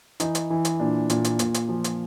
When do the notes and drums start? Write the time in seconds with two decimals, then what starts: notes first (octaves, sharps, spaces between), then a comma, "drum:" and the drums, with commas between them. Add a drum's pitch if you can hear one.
0.20 E3 D#4, drum: hi-hat
0.35 drum: hi-hat
0.50 E3
0.65 drum: hi-hat
0.80 A#2 D4
1.10 A#2, drum: hi-hat
1.24 drum: hi-hat
1.39 A#2, drum: hi-hat
1.54 drum: hi-hat
1.69 F3
1.84 drum: hi-hat